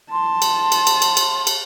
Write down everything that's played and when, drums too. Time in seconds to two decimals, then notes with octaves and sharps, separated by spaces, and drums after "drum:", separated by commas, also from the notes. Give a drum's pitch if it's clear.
0.12 A5 C6
0.42 drum: cymbal
0.72 drum: cymbal
0.87 drum: cymbal
1.02 drum: cymbal
1.17 drum: cymbal
1.47 drum: cymbal